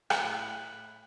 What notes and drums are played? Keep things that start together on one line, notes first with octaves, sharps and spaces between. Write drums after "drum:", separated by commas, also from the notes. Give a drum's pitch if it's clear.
A2 E4 F#6, drum: rim click